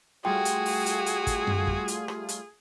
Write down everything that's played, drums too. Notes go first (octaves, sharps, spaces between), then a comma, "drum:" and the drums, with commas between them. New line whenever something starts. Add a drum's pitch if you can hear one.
G3 A3 F4 F#4 G#4 G5
drum: hi-hat
drum: open hi-hat
drum: hi-hat
drum: hi-hat
drum: kick, hi-hat
drum: tom F#2
drum: kick
drum: hi-hat
drum: rim click
drum: hi-hat